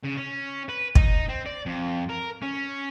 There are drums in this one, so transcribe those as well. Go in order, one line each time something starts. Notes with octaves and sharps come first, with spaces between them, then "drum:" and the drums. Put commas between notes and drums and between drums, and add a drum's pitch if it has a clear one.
C#3
C#4
B4
D#4, drum: kick
C4
D5
F2
A#4
C#4